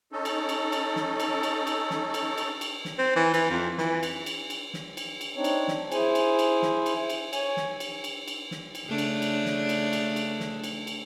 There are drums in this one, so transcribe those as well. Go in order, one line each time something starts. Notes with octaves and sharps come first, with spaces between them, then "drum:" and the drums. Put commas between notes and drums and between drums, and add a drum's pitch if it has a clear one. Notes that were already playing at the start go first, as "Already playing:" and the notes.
C#4 D#4 A4
drum: cymbal
drum: cymbal
drum: cymbal
drum: snare
drum: cymbal
drum: cymbal
drum: cymbal
drum: snare
drum: cymbal
drum: cymbal
drum: cymbal
drum: snare
C4
E3
E3, drum: cymbal
F2
E3, drum: snare
drum: cymbal
drum: cymbal
drum: cymbal
drum: snare
drum: cymbal
drum: cymbal
C4 D4 D#4 C#5
drum: cymbal
drum: snare
E4 G#4 C5 G#5, drum: cymbal
drum: cymbal
drum: cymbal
drum: snare
drum: cymbal
drum: cymbal
C#5 G#5, drum: cymbal
drum: snare
drum: cymbal
drum: cymbal
drum: cymbal
drum: snare
drum: cymbal
C#3 A3 D4
drum: cymbal
drum: cymbal
drum: snare
drum: cymbal
drum: cymbal
drum: cymbal
drum: snare
drum: cymbal
drum: cymbal